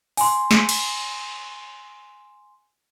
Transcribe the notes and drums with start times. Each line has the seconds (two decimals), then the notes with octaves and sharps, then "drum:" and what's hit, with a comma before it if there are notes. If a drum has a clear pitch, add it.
0.17 G#5 C6, drum: open hi-hat
0.51 drum: snare
0.69 drum: cymbal